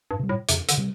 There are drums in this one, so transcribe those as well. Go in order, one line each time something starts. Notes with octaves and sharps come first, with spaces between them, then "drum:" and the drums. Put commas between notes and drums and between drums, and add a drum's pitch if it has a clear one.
G2
C3 G3
A2
F2 C3, drum: hi-hat
D3, drum: hi-hat
C3 G3